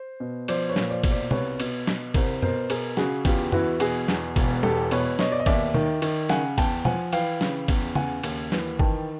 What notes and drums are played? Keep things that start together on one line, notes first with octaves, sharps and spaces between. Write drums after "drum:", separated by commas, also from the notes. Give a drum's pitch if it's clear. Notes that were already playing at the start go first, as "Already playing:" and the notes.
Already playing: C5
B2
F3 C5 D5, drum: cymbal
B4 C#5
A#2, drum: snare
C5 D5
B1, drum: kick, cymbal
C5 D5
C2 B4 C#5, drum: tom
B2, drum: cymbal
B2, drum: snare
C2 A#4 C5, drum: kick, cymbal
B2 A#4 C5, drum: tom F#2
B2 G#4 A#4, drum: cymbal
C#3 F#4 G#4, drum: snare
E2 F4 G4, drum: kick, cymbal
E3 E4 F#4, drum: tom F#2
B2 F#4 G#4, drum: cymbal
E2, drum: snare
E1, drum: kick, cymbal
E2 G4 A4, drum: tom
B2 B4 C#5, drum: cymbal
B2 C#5 D#5, drum: snare
D5
D#5
D#2 D5 E5, drum: kick, cymbal
D#3, drum: tom
D#3, drum: cymbal
C#3 F#5 G#5, drum: snare
E2 G5 A5, drum: kick, cymbal
F3 F#5 G#5, drum: tom
E3 F5 G5, drum: cymbal
C#3, drum: snare
E2, drum: kick, cymbal
C#3 F#5 G#5, drum: tom
D#2, drum: cymbal
E3, drum: snare
D#3 G5 A5, drum: kick